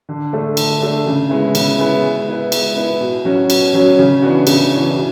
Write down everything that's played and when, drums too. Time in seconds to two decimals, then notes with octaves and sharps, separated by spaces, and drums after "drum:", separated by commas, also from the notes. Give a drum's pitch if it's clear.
0.09 D3
0.33 A3 D4 A4
0.57 D3, drum: cymbal
0.82 A3 D4 A4
1.06 C#3
1.30 G#3 B3 E4
1.55 C#3, drum: cymbal
1.78 G#3 B3 E4
2.03 G#3
2.28 B3 E4 B4
2.52 G#3, drum: cymbal
2.77 B3 E4 B4
3.01 B2
3.25 F#3 C#4 F#4
3.50 B2, drum: cymbal
3.74 F#3 C#4 F#4
3.98 C#3
4.22 E3 B3 D4 F#4
4.47 C#3, drum: cymbal
4.71 E3 B3 D4 F#4
4.96 B2